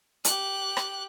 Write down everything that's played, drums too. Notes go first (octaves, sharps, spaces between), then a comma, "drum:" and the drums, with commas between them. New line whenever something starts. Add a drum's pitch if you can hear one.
G4 F#6, drum: hi-hat
drum: rim click